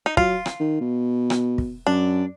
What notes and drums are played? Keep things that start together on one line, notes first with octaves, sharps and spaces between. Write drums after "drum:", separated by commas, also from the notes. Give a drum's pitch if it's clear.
D#4
F#3 F4, drum: kick
drum: rim click
D#3
B2
drum: rim click
drum: kick
F#2 D4